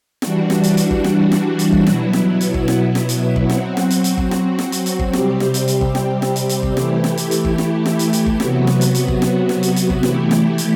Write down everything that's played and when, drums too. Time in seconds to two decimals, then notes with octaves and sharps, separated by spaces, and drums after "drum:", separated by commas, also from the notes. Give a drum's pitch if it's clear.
0.22 E3 G3 D4 F#4, drum: snare
0.50 drum: snare
0.63 drum: hi-hat
0.77 drum: hi-hat
0.91 drum: kick G1
1.04 drum: snare
1.32 drum: snare
1.59 drum: hi-hat
1.72 drum: kick G1
1.87 B2 F#3 B3 E4, drum: snare
2.13 drum: snare
2.41 drum: hi-hat
2.54 drum: kick G1
2.68 drum: snare
2.95 drum: snare
3.09 drum: hi-hat
3.36 drum: kick G1
3.50 F#3 C4 F#4, drum: snare
3.77 drum: snare
3.90 drum: hi-hat
4.04 drum: hi-hat
4.18 drum: kick G1
4.31 drum: snare
4.59 drum: snare
4.72 drum: hi-hat
4.86 drum: hi-hat
4.99 drum: kick G1
5.13 C3 G3 C4 G4, drum: snare
5.40 drum: snare
5.54 drum: hi-hat
5.68 drum: hi-hat
5.81 drum: kick G1
5.95 drum: snare
6.22 drum: snare
6.36 drum: hi-hat
6.49 drum: hi-hat
6.63 drum: kick G1
6.77 E3 A3 E4 G4, drum: snare
7.04 drum: snare
7.17 drum: hi-hat
7.31 drum: hi-hat
7.45 drum: kick G1
7.58 drum: snare
7.86 drum: snare
7.99 drum: hi-hat
8.13 drum: hi-hat
8.26 drum: kick G1
8.40 C3 F#3 B3 F#4, drum: snare
8.67 drum: snare
8.81 drum: hi-hat
8.95 drum: hi-hat
9.08 drum: kick G1
9.22 drum: snare
9.49 drum: snare
9.63 drum: hi-hat
9.76 drum: hi-hat
9.90 drum: kick G1
10.03 E3 A3 E4 G4, drum: snare
10.31 drum: snare
10.58 drum: hi-hat